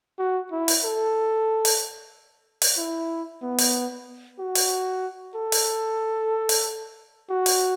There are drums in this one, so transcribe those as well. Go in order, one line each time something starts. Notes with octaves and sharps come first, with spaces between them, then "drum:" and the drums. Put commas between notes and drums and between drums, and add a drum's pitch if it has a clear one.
F#4
E4
drum: open hi-hat
A4
drum: open hi-hat
drum: open hi-hat
E4
B3
drum: open hi-hat
F#4
drum: open hi-hat
A4
drum: open hi-hat
drum: open hi-hat
F#4
drum: open hi-hat